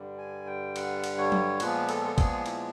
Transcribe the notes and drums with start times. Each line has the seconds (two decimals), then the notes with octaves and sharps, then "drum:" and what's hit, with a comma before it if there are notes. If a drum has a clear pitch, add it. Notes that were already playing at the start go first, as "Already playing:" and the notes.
Already playing: G2 D3 G3
0.18 G#5
0.46 G5
0.76 F#5, drum: cymbal
1.04 drum: cymbal
1.18 C#5
1.32 drum: tom F#3
1.60 A#2 F3 G#3 B3 B4, drum: cymbal
1.89 A4, drum: cymbal
2.05 A4
2.18 G#4, drum: kick, cymbal
2.46 E4, drum: cymbal